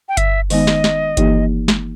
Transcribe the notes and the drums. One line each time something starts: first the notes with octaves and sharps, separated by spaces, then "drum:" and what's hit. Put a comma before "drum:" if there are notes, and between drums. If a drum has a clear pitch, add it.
G5
E5, drum: kick G1, hi-hat
D#3 G#3 B3 D#4 D#5, drum: open hi-hat
drum: snare
drum: snare
E3 A#3 D#4 G4, drum: kick G1, hi-hat
drum: snare